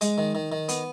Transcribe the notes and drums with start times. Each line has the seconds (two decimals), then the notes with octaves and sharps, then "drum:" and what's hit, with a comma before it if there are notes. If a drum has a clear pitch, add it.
0.01 G#3, drum: hi-hat
0.18 D#3
0.35 D#3
0.52 D#3
0.69 B3, drum: hi-hat